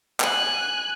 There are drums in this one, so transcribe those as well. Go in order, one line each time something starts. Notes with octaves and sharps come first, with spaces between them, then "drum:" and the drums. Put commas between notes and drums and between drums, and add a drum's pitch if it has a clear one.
G#5 F#6, drum: clap